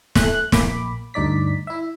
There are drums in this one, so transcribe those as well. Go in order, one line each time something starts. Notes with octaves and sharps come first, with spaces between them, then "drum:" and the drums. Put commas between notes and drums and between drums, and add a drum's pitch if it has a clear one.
A3 F#6, drum: snare
A#1 A#3 B5 D6, drum: snare
D2 G2 D#4 D5 B6
E4 E5